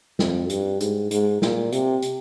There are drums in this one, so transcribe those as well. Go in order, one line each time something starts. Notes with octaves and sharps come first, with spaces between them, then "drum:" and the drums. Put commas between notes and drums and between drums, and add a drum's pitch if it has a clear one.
F2, drum: snare
G2, drum: hi-hat
G#2, drum: hi-hat
G#2, drum: hi-hat
A#2, drum: snare
C3, drum: hi-hat
drum: hi-hat